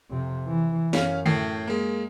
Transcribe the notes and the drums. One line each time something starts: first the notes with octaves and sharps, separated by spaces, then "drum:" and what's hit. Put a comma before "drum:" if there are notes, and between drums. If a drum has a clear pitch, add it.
F2 C3
E3
F#2 C#4 F5, drum: snare
A2 G5 C7, drum: tom D3
G#3 A#3